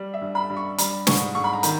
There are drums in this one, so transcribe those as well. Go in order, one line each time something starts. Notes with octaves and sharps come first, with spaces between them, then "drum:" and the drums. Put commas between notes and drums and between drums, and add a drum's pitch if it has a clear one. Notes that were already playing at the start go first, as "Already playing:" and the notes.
Already playing: G3
E5
G2
B5
G2
C#6
G3 B5, drum: hi-hat
G#2 C#6, drum: snare
G#2 C#6
B5
A#5
D#3 B5, drum: hi-hat